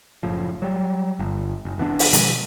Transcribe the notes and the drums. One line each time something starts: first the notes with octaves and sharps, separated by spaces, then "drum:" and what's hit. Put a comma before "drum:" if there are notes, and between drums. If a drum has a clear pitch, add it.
F#1 A2 F3
F#3 G3
G1
F#1
F1 E3 B3 D4
drum: open hi-hat
B2 D#3 F3 G#3, drum: hi-hat